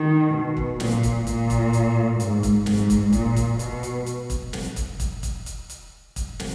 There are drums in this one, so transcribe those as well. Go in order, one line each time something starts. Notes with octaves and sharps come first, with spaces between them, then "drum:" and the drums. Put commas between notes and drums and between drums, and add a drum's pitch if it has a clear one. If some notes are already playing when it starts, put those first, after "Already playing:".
Already playing: D#3
B2
drum: kick
A#2, drum: snare
drum: kick, hi-hat
A#2, drum: kick, hi-hat
drum: kick, hi-hat
drum: hi-hat
G#2, drum: hi-hat
drum: kick, hi-hat
G#2, drum: snare
drum: kick, hi-hat
A#2, drum: kick, hi-hat
drum: kick, hi-hat
B2, drum: hi-hat
drum: hi-hat
drum: hi-hat
drum: kick, hi-hat
drum: snare
drum: kick, hi-hat
drum: kick, hi-hat
drum: kick, hi-hat
drum: hi-hat
drum: hi-hat
drum: kick, hi-hat
drum: snare